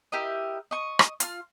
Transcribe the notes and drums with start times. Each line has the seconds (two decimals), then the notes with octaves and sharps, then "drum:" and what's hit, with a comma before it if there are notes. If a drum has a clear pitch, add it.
0.12 E4 G4 A#4 D#5
0.71 D#5 C#6
0.99 drum: rim click
1.20 F4 F6, drum: hi-hat